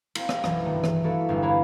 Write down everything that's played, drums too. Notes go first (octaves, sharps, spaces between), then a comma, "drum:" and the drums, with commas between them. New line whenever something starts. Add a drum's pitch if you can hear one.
A#3 C4, drum: cymbal
drum: rim click
B1 F#2 E3, drum: rim click
G2 D#3 A3
drum: rim click
A#3 E4 F#4 A4 B4
G1 E2 G2 F5
E4 B4 C#5 F5 A#5 B5